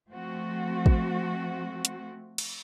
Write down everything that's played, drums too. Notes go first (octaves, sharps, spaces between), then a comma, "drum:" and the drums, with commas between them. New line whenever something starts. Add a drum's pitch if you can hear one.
F3 A3 C4 F#4
drum: kick
drum: hi-hat
drum: cymbal